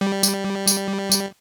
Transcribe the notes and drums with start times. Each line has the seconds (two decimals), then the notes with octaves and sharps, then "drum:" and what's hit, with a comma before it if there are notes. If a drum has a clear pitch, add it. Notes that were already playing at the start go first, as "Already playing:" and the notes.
0.01 G3
0.23 drum: tambourine
0.67 drum: tambourine
1.12 drum: tambourine